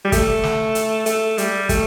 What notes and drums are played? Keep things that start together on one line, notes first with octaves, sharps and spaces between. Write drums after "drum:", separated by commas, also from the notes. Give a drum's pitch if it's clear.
G3
A3, drum: kick, hi-hat
drum: snare
drum: hi-hat
A3, drum: hi-hat
G3, drum: hi-hat
A3, drum: kick, hi-hat